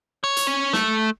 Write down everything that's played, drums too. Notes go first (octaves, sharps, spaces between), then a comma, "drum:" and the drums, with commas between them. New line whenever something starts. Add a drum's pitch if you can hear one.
C#5
drum: hi-hat
C#4
A3, drum: snare